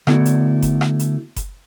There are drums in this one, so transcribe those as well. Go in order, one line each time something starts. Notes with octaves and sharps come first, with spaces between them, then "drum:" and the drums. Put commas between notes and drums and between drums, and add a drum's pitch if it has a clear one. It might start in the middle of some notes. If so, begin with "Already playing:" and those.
D3 A3 B3 E4 F#4, drum: rim click
drum: hi-hat
drum: kick F#1, hi-hat
drum: rim click
drum: hi-hat
drum: kick F#1, hi-hat